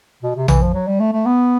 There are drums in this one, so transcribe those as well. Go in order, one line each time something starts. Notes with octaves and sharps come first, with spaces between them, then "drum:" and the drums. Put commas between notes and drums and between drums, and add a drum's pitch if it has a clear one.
B2
C3
E3, drum: tom A#1
F3
F#3
G3
A3
A3
B3